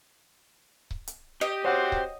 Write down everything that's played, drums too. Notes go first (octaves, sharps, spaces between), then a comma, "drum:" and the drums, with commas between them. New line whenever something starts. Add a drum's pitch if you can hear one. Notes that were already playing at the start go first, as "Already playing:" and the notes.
drum: kick C#1
drum: hi-hat
G4 D#5
C4 F#4 G4 C5 C#5 F#5
drum: kick C#1